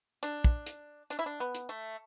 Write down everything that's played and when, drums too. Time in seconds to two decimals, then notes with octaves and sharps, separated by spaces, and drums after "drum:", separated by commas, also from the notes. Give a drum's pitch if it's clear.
0.23 D4, drum: hi-hat
0.44 drum: kick
0.66 drum: hi-hat
1.10 D4, drum: hi-hat
1.19 E4
1.26 D4
1.40 B3
1.55 drum: hi-hat
1.69 A3